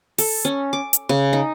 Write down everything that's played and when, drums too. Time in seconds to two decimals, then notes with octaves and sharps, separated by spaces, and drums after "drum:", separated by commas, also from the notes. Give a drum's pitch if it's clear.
0.18 A4, drum: open hi-hat
0.45 C#4
0.73 D6
0.93 drum: hi-hat
1.09 C#3
1.33 D#4